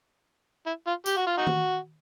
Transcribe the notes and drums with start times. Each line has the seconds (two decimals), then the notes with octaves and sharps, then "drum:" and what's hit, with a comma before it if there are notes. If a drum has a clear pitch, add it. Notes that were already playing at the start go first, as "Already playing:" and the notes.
0.66 E4
0.87 F4
1.06 G4, drum: tambourine
1.17 F#4
1.27 F4
1.38 D#4 F#4
1.47 drum: tom D#3